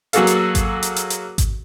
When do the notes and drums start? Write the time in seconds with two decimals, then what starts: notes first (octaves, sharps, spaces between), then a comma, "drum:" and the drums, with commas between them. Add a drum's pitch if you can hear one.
0.13 F#3 A#3 F#4 G#4 A4 F5, drum: hi-hat
0.27 drum: hi-hat
0.55 drum: kick G#1, hi-hat
0.83 drum: hi-hat
0.96 drum: hi-hat
1.10 drum: hi-hat
1.38 drum: kick G#1, hi-hat